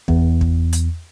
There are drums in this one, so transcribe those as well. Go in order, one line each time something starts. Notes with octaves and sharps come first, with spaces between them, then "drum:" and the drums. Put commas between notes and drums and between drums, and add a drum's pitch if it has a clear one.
E2, drum: kick
drum: kick
drum: hi-hat